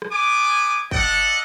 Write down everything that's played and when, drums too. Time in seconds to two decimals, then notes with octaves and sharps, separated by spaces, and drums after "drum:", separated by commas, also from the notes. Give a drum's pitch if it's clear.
0.02 drum: rim click
0.12 B3 G#5 D6
0.91 A4 D5 D#5 F#5, drum: kick